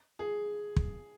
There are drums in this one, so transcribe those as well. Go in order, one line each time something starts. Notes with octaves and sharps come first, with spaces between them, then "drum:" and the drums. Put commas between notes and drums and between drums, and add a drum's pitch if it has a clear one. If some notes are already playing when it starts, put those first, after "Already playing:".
G#4
drum: kick